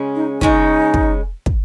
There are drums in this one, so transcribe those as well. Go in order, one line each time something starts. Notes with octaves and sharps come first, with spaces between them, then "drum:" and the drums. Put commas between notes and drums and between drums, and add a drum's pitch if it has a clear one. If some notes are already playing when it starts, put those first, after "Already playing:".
Already playing: C#3 G#3 C#4
D#4
C#3 G#3 C#4 D#4, drum: kick
drum: kick
drum: kick